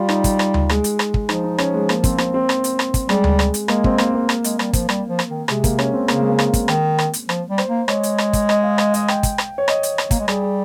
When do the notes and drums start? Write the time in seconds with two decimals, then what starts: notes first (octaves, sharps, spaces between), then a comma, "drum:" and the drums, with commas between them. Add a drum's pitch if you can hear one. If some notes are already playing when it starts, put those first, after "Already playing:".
Already playing: G3 F4 G4
0.09 D#4, drum: rim click
0.24 drum: kick, hi-hat
0.39 drum: rim click
0.54 drum: tom D2
0.69 G#3, drum: rim click
0.84 drum: hi-hat
0.99 drum: rim click
1.14 drum: kick
1.29 F3 D#4, drum: rim click
1.44 D#4
1.58 C#4, drum: rim click
1.74 G#3
1.89 A#3, drum: rim click
2.04 C4, drum: kick, hi-hat
2.18 C4, drum: rim click
2.34 C4
2.49 drum: rim click
2.64 drum: hi-hat
2.79 drum: rim click
2.94 drum: kick, hi-hat
3.09 G3 G#3, drum: rim click
3.24 drum: tom D2
3.39 drum: rim click
3.54 drum: hi-hat
3.68 G#3 A#3, drum: rim click
3.84 C4, drum: kick
3.98 A#3, drum: rim click
4.14 A#3
4.29 drum: rim click
4.44 G#3, drum: hi-hat
4.59 G3, drum: rim click
4.73 F3, drum: kick, hi-hat
4.89 G3, drum: rim click
5.08 F3
5.19 drum: rim click
5.29 D#3
5.48 C3 G#3, drum: rim click
5.64 A#3, drum: kick, hi-hat
5.79 C#4, drum: rim click
5.94 C4
6.08 C#3 A#3, drum: rim click
6.19 G#3
6.29 A#3
6.39 drum: rim click
6.54 drum: kick, hi-hat
6.68 D#3, drum: rim click
6.98 drum: rim click
7.13 drum: hi-hat
7.29 F3, drum: rim click
7.49 G3
7.58 C5, drum: rim click
7.68 A#3
7.88 G#3 C#5, drum: rim click
8.03 drum: hi-hat
8.18 drum: rim click
8.33 drum: kick, hi-hat
8.49 D#5, drum: rim click
8.63 F5
8.78 D#5, drum: rim click
8.94 D#5, drum: hi-hat
9.08 G5, drum: rim click
9.23 drum: kick, hi-hat
9.38 drum: rim click
9.58 C#5
9.68 D#5, drum: rim click
9.83 drum: hi-hat
9.98 drum: rim click
10.11 A#3, drum: kick, hi-hat
10.20 G#3
10.28 G3 G#4, drum: rim click
10.43 G#4